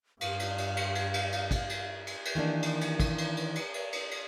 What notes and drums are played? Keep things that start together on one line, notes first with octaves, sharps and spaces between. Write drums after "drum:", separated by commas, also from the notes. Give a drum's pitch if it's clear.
G2 F5, drum: cymbal
drum: cymbal
drum: cymbal
drum: cymbal
drum: cymbal
drum: cymbal
drum: cymbal
drum: kick, cymbal
drum: cymbal
drum: cymbal
drum: cymbal
D#3 E3 A#3 D4
drum: cymbal
drum: cymbal
drum: kick, cymbal
drum: cymbal
drum: cymbal
drum: cymbal
drum: cymbal
drum: cymbal
drum: cymbal